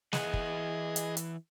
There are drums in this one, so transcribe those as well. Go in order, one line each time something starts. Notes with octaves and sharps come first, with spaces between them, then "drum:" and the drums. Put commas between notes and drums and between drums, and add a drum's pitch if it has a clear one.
E3 G#4 D#5 F#5, drum: snare
drum: kick
drum: hi-hat
drum: hi-hat